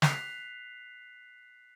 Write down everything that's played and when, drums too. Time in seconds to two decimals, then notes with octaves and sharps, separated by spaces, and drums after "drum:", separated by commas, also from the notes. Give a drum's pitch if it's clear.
0.02 F#6 B6 C7 F7, drum: snare